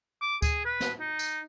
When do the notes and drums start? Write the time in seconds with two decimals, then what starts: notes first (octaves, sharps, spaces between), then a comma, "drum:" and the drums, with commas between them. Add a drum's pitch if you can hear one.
0.22 D6
0.42 G#4, drum: kick D2, tambourine
0.65 B4
0.80 drum: snare
1.00 D#4
1.19 drum: tambourine